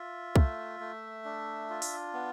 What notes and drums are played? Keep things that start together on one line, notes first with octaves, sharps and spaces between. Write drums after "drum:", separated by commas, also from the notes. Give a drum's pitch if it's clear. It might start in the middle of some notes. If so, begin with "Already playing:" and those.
Already playing: F4 E5
A3, drum: kick
A3
D4
F4
drum: open hi-hat
B3